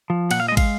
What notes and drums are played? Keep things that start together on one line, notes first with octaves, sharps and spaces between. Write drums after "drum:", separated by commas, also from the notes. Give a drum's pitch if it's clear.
F3
A#2 F#5, drum: cymbal
F5
D#5
G#3
F5, drum: kick, cymbal